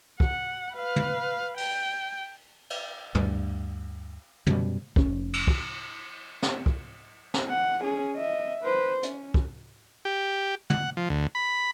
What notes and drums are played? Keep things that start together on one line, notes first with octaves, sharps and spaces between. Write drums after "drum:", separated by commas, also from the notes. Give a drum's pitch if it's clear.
F#5, drum: kick
B4 F5
drum: tom
G5, drum: open hi-hat
drum: cymbal
D2 G2 G3, drum: tom
F#2 B2 G3, drum: tom
F1 C#4, drum: kick
drum: cymbal
drum: kick
drum: snare
drum: kick
drum: snare
F#5
C#4 G#4
D#5 E5
B4 C5
C#4, drum: hi-hat
drum: kick
G4
F#5, drum: tom
F3
D2
B5